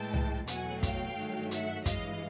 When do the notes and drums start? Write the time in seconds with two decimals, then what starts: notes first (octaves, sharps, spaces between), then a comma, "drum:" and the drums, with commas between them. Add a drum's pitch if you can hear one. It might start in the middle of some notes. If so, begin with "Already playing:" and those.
Already playing: A2 E3 G#3 G5 A5
0.13 drum: tom
0.47 E2 B2 F#3 A3 F#5 G#5, drum: hi-hat
0.83 F5 G5, drum: kick, hi-hat
1.16 G2 D#3 F#3 A3
1.51 E5 F#5, drum: hi-hat
1.86 G2 E3 G#3 D#5 F5, drum: kick, hi-hat